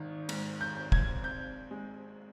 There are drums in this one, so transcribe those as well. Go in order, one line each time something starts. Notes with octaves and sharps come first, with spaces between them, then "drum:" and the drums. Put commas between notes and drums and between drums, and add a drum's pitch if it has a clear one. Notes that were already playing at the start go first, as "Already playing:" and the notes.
Already playing: G#1 D#3
G#2, drum: cymbal
G6
G#1
G#6, drum: kick
C4 G6
G#3